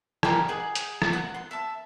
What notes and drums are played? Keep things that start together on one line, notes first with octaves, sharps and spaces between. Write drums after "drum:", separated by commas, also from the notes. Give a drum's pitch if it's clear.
G4 G#4 A#4 D5, drum: rim click
G#4 D#5 F#5 G5
drum: hi-hat
drum: rim click
F#5
C6
E5 A5